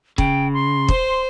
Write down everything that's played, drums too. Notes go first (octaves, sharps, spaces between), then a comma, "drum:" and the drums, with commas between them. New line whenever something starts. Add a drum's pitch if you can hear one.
C#3 G5, drum: kick
C6
C5, drum: kick